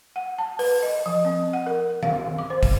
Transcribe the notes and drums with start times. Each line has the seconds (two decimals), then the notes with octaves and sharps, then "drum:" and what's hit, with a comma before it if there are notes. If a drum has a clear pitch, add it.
0.16 F#5
0.38 A5
0.59 B4, drum: open hi-hat
0.83 D#5
1.06 F3
1.25 C4
1.53 F#5
1.66 A#4
2.03 F5, drum: tom D#3
2.39 D6
2.50 C5
2.63 drum: kick, open hi-hat